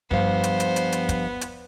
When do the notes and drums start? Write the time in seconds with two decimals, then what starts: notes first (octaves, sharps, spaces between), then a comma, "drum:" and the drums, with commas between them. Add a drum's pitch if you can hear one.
0.11 G2 F3 B3 C5 F5, drum: kick
0.44 drum: hi-hat
0.60 drum: hi-hat
0.76 drum: hi-hat
0.92 drum: hi-hat
1.09 drum: kick, hi-hat
1.41 drum: hi-hat